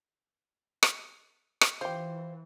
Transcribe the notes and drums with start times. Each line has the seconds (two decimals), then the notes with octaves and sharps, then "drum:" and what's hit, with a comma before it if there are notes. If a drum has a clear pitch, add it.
0.83 drum: rim click
1.61 drum: rim click
1.81 E3 F4 G4 C5